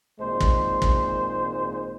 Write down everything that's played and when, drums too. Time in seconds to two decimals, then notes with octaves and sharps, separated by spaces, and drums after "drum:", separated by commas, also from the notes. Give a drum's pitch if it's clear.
0.20 G#1 A#2 G#3 C5
0.40 drum: kick
0.82 drum: kick